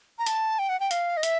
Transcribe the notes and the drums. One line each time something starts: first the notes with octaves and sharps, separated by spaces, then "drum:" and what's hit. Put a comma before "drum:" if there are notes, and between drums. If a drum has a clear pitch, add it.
A#5
A5, drum: hi-hat
G5
F#5
G5
F5, drum: hi-hat
D#5
E5, drum: hi-hat